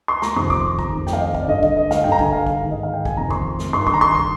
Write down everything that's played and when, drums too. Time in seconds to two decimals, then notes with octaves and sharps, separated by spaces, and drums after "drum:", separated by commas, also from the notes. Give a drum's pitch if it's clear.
0.08 C6
0.22 A#5, drum: snare
0.36 F2 C3 D#3 C6
0.50 D6, drum: kick
0.64 D6
0.79 A#5, drum: kick
0.92 F2 D#3
1.07 G5, drum: snare
1.13 F5
1.20 D#5
1.35 F5, drum: kick
1.42 D5
1.48 G2 D3 D#5
1.63 D#5, drum: kick
1.77 D#5
1.91 F5, drum: snare
2.04 G2 D3 G5
2.12 A#5
2.19 G#5, drum: kick
2.32 F5
2.47 drum: kick
2.61 G#2 D#3
2.71 D#5
2.83 F5
2.93 G5
3.05 G#5, drum: kick
3.17 F2 C3 D#3 A#5
3.31 C6, drum: kick
3.59 drum: snare
3.73 G2 D#3 C6
3.87 C6, drum: kick
3.94 A#5
4.01 C6
4.15 drum: kick